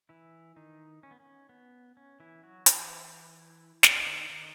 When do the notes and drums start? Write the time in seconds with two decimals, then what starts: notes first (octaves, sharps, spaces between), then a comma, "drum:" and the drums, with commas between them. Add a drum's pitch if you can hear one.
0.09 E3 E4
0.56 D#3 D#4
1.03 C#4
1.11 B3
1.20 C#4
1.49 B3
1.97 C#4
2.20 E3 E4
2.43 F#3 F#4
2.66 E3 E4, drum: hi-hat
3.83 C#4, drum: snare
4.00 E4
4.06 D#3 D#4
4.30 D#3 D#4